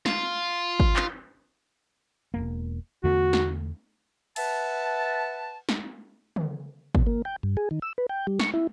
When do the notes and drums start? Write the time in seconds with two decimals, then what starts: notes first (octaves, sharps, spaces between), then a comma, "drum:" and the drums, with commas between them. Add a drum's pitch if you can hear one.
0.06 F4, drum: snare
0.80 drum: kick
0.96 drum: clap
2.34 E1 E2 A#3
3.04 E2 D3 A3 F#4
3.33 drum: snare
4.36 B4 E5 F#5 A5, drum: cymbal
5.69 drum: snare
6.36 drum: tom
6.95 B2, drum: kick
7.07 A#3
7.25 G5
7.43 G2
7.57 G#4
7.71 D#3
7.82 E6
7.98 B4
8.09 G5
8.27 G3
8.40 C#6, drum: snare
8.54 E4